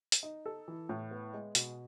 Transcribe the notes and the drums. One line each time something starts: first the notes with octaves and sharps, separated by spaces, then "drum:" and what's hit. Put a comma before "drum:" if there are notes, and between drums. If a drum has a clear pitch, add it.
drum: hi-hat
D#4
A4
E3
A2
B3
G#3
B2, drum: hi-hat